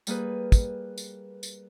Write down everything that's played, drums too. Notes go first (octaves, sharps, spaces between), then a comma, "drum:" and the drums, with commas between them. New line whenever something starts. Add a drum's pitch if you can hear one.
G3 A#3 G#4 B4, drum: tambourine
drum: kick, tambourine
drum: tambourine
drum: tambourine